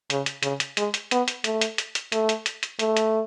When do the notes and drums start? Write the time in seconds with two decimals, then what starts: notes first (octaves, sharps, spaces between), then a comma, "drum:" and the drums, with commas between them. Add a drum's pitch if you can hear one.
0.10 C#3, drum: hi-hat
0.26 drum: hi-hat
0.43 C#3, drum: hi-hat
0.60 drum: hi-hat
0.77 G#3, drum: hi-hat
0.94 drum: hi-hat
1.11 B3, drum: hi-hat
1.28 drum: hi-hat
1.44 A3, drum: hi-hat
1.61 drum: hi-hat
1.78 drum: hi-hat
1.95 drum: hi-hat
2.12 A3, drum: hi-hat
2.29 drum: hi-hat
2.46 drum: hi-hat
2.63 drum: hi-hat
2.79 A3, drum: hi-hat
2.97 drum: hi-hat